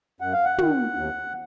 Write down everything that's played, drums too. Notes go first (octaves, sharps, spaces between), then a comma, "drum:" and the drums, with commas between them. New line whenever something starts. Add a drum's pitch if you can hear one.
F#2 F#5
F5
F#5
D#3, drum: tom
D#2